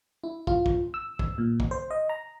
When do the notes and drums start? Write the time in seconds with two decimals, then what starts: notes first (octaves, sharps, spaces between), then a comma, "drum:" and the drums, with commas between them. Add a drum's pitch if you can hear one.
0.24 E4
0.47 F4, drum: kick
0.66 drum: kick
0.94 E6
1.19 drum: kick
1.38 A#2
1.60 drum: kick
1.71 C5
1.91 D#5
2.09 A#5